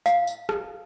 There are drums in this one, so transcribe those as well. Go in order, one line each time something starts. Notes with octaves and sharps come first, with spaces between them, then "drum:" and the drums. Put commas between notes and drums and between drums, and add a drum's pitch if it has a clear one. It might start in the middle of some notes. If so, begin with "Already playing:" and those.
F5, drum: tambourine
drum: tambourine
drum: rim click